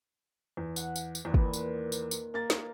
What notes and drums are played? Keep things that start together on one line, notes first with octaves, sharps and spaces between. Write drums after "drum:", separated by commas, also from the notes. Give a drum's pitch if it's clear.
E2
F#5, drum: tambourine
drum: tambourine
drum: tambourine
E2 A#2 D#3 B4
drum: kick
drum: tambourine
drum: tambourine
drum: tambourine
A#3 A6
drum: snare